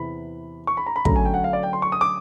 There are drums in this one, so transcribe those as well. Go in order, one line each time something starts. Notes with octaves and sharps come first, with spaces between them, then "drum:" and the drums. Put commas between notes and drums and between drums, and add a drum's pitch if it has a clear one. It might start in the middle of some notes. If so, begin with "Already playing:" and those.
Already playing: E2 C3 E3 B5
C#6
B5
A#5
B5
D3 F#3 A3 C#4 A#5, drum: kick
G#5
G5
F#5
F5
D5
G5
C6
C#6
D#6
D6